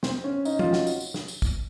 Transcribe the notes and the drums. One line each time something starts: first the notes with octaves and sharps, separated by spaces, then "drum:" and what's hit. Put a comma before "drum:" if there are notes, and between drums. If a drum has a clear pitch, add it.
C4, drum: snare
C#4
D#4, drum: tambourine
F4, drum: tom F3
F#4, drum: snare
drum: tambourine
drum: tambourine
drum: snare
drum: tambourine
drum: kick, tambourine